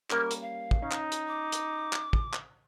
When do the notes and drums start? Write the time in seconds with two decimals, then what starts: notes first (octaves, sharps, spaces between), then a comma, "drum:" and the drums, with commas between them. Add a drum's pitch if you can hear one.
0.10 G3 A#3 C#4 A#4, drum: clap
0.31 drum: hi-hat
0.42 F5
0.71 drum: kick
0.82 C#4 D#4
0.92 drum: clap
1.12 drum: hi-hat
1.28 D6
1.52 drum: hi-hat
1.93 drum: clap
2.13 drum: kick
2.33 drum: clap